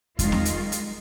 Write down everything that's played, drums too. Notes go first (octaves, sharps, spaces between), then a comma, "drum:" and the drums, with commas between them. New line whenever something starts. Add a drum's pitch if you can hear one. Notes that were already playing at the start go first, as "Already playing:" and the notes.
D#3 G3 G#3 F4, drum: kick E2, hi-hat
drum: snare C4
drum: hi-hat
drum: hi-hat